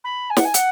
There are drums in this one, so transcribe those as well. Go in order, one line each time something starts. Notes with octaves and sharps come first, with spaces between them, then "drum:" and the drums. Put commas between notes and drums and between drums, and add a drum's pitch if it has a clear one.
B5
G#5
F#5, drum: snare
G#5
F#5, drum: hi-hat